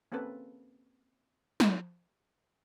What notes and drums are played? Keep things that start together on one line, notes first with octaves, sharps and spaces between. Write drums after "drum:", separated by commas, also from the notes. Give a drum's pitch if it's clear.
A#3 C4 C#4 A4 B4
drum: snare